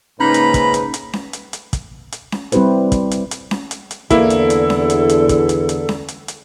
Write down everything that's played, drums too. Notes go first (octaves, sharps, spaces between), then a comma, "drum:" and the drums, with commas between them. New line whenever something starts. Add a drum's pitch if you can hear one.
G#2 C#3 A#3 C#4 D#4 B4 A#5 B5
drum: hi-hat
drum: kick, hi-hat
drum: hi-hat
drum: hi-hat
drum: snare C#4
drum: hi-hat
drum: hi-hat
drum: kick, hi-hat
drum: hi-hat
drum: snare C#4
G3 C4 E4 G4 B4 C5, drum: hi-hat
drum: kick, hi-hat
drum: hi-hat
drum: hi-hat
drum: snare C#4
drum: hi-hat
drum: hi-hat
E2 D3 A#3 E4 A4, drum: kick, hi-hat
drum: hi-hat
drum: hi-hat
drum: snare C#4
drum: hi-hat
drum: hi-hat
drum: kick, hi-hat
drum: hi-hat
drum: hi-hat
drum: snare C#4
drum: hi-hat
drum: hi-hat